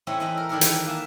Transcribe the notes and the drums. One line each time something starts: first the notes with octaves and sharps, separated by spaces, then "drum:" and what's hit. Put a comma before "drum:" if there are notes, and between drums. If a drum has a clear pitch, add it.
A3 C4 C#4 E4 B4 D#5
E3 C4 A4 B4 D#5 B5
A#4
D#3 E3 D4 E4 A4 A#4
F#5, drum: hi-hat
A#3 B4 E5 G#5 A5